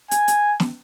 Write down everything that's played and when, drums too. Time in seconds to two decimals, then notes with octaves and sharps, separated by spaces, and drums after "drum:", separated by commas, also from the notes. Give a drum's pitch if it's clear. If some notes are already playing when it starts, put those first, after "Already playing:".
0.11 G#5, drum: hi-hat
0.28 drum: hi-hat
0.60 drum: snare